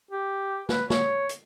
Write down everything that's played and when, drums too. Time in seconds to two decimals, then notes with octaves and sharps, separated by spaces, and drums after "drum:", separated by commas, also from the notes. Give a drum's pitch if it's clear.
0.11 G4
0.69 B4, drum: snare
0.90 C#5, drum: snare
1.29 drum: hi-hat